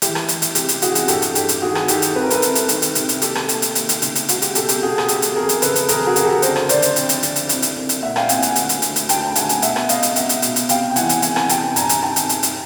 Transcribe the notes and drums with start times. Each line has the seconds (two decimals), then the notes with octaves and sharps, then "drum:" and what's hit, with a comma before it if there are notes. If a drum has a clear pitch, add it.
0.02 E3 G4, drum: hi-hat
0.15 drum: rim click
0.29 E3, drum: hi-hat
0.42 drum: hi-hat
0.55 C3 G4, drum: hi-hat
0.69 drum: hi-hat
0.82 E3 F#4 G#4, drum: hi-hat
0.95 drum: hi-hat
1.08 G2 G4 A4, drum: hi-hat
1.22 drum: hi-hat
1.35 G2 G4, drum: hi-hat
1.49 drum: hi-hat
1.62 D#3 F#4 G#4
1.75 drum: rim click
1.88 D#3 G4 A4, drum: hi-hat
2.02 drum: hi-hat
2.15 C2 B4
2.23 A#4
2.30 A4 B4, drum: hi-hat
2.42 C2, drum: hi-hat
2.55 drum: hi-hat
2.69 D#3, drum: hi-hat
2.82 drum: hi-hat
2.95 C3, drum: hi-hat
3.09 drum: hi-hat
3.22 D#2 G4 A4, drum: hi-hat
3.35 drum: rim click
3.49 D#2, drum: hi-hat
3.62 drum: hi-hat
3.75 D#2, drum: hi-hat
3.89 drum: hi-hat
4.02 C#3, drum: hi-hat
4.15 drum: hi-hat
4.29 C#2 F#4, drum: hi-hat
4.42 G4, drum: hi-hat
4.55 B2 G4 A4, drum: hi-hat
4.69 G4 A4, drum: hi-hat
4.82 B2 F#4 G#4
4.98 G#4, drum: rim click
5.08 C#2 G4 A4, drum: hi-hat
5.22 drum: hi-hat
5.36 F2 G#4 A#4
5.49 drum: hi-hat
5.62 C#3 A4 B4, drum: hi-hat
5.76 drum: hi-hat
5.89 F2 G#4 A#4, drum: hi-hat
6.07 F#4 G#4
6.16 C#3 A#4, drum: hi-hat
6.25 G4 A4
6.42 D3 A#4 C5, drum: hi-hat
6.56 drum: rim click
6.69 D3 C5 D5, drum: hi-hat
6.82 drum: hi-hat
6.96 F2, drum: hi-hat
7.09 drum: hi-hat
7.23 D3, drum: hi-hat
7.36 drum: hi-hat
7.49 C2, drum: hi-hat
7.62 drum: hi-hat
7.76 C2
7.89 drum: hi-hat
8.02 A#2 E5 F#5
8.16 F5 G5, drum: rim click
8.29 C2 F#5 G#5, drum: hi-hat
8.42 F#5 G#5, drum: hi-hat
8.56 D2, drum: hi-hat
8.69 drum: hi-hat
8.82 D2, drum: hi-hat
8.96 drum: hi-hat
9.09 D2 G5 A5, drum: hi-hat
9.27 A5
9.36 D2 F#5 G#5, drum: hi-hat
9.49 drum: hi-hat
9.62 B2 E5 F#5, drum: hi-hat
9.76 drum: rim click
9.89 C#2 D#5 F5, drum: hi-hat
10.03 drum: hi-hat
10.16 C#2 E5 F#5, drum: hi-hat
10.29 drum: hi-hat
10.42 B2, drum: hi-hat
10.56 drum: hi-hat
10.69 C3 F5 G5, drum: hi-hat
10.90 G5
10.96 E3 F#5 G#5, drum: hi-hat
11.09 drum: hi-hat
11.22 E3 F#5 G#5, drum: hi-hat
11.36 drum: rim click
11.49 C3 G5 A5, drum: hi-hat
11.67 A5
11.76 G2 G#5 A#5, drum: hi-hat
11.89 drum: hi-hat
12.03 D#3 G5 A5
12.16 drum: hi-hat
12.29 drum: hi-hat
12.43 drum: hi-hat